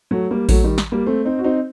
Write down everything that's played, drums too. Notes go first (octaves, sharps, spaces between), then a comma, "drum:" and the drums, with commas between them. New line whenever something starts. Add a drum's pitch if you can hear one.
F#3 A3
G3 A#3
F#3 A3, drum: kick A1, open hi-hat
D#3 G3
drum: snare
G3 A#3
A3 C4
C4 D#4
F#4
C4 D#4